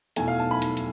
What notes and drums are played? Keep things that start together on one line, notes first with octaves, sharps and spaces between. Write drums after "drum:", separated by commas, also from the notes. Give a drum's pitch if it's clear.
E2 B2 A3 G#5, drum: hi-hat
F5
A5
B5
drum: hi-hat
drum: hi-hat